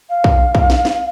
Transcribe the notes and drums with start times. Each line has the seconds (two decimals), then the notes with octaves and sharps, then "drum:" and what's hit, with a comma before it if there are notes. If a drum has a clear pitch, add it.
0.09 F5
0.24 drum: kick
0.55 drum: kick
0.70 drum: snare
0.85 drum: snare